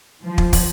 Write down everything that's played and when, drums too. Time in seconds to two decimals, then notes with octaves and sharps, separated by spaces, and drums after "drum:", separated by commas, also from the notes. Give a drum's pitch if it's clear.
0.23 F3
0.38 drum: kick
0.53 drum: kick, open hi-hat